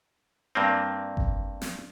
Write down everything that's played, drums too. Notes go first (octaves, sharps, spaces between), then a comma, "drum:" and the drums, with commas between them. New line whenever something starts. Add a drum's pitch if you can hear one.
G2 A#3 C4
drum: kick G1
drum: snare